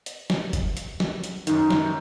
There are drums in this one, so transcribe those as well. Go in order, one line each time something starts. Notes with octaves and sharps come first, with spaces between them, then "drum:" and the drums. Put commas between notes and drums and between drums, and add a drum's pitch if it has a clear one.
drum: hi-hat
drum: snare
drum: kick, hi-hat
drum: hi-hat
drum: snare
drum: hi-hat
F#2 D#3 D#4, drum: hi-hat
drum: snare